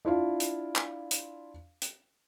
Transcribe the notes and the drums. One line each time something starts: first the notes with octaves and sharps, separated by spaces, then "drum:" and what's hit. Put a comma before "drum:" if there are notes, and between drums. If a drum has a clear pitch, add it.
D4 E4 F4 F5
drum: hi-hat
drum: clap
drum: hi-hat
drum: hi-hat